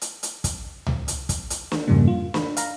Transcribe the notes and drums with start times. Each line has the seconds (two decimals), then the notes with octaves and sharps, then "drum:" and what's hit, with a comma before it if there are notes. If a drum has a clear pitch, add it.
0.01 drum: hi-hat
0.23 drum: hi-hat
0.44 drum: kick, hi-hat
0.87 drum: tom C#2
1.08 drum: hi-hat
1.29 drum: kick, hi-hat
1.50 drum: hi-hat
1.72 drum: snare
1.88 F2 G#2 C#3 F3 G3 A#3
2.07 F4
2.34 B5, drum: snare
2.57 F5 A#5, drum: hi-hat